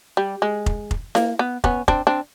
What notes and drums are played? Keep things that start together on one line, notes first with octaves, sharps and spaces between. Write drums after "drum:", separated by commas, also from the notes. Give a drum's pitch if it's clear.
G3
G#3
drum: kick F1
drum: kick F1
A#3, drum: snare E4
B3
B3 C#4, drum: kick F1
C4 D4, drum: kick F1
C4 D4